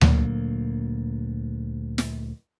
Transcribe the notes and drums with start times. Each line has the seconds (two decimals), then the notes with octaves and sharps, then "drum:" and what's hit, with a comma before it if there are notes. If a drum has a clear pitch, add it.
0.01 D2 A#2 F#3 A#3, drum: tom D2
1.98 drum: snare